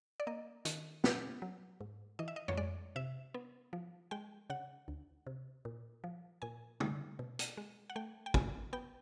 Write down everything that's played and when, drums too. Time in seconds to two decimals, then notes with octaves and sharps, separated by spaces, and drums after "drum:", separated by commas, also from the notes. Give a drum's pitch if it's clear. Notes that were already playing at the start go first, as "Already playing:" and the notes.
0.20 D5
0.27 A#3 D#5
0.65 D#3, drum: hi-hat
1.04 B2, drum: snare
1.42 F#3
1.81 G#2
2.19 E3 D#5
2.28 E5
2.36 D#5
2.48 C#5, drum: tom F2
2.57 G#3 D5
2.96 C3 E5
3.34 B3
3.73 F3
4.11 G#3 G5
4.50 C#3 F#5
4.88 D2
5.27 C3
5.65 A#2
6.04 F3
6.42 A#2 G#5
6.80 G3, drum: tom
7.19 B2
7.39 drum: hi-hat
7.57 G#3
7.90 F#5
7.96 A3 G5
8.26 G5
8.34 C#3 G#5, drum: kick
8.73 B3 G5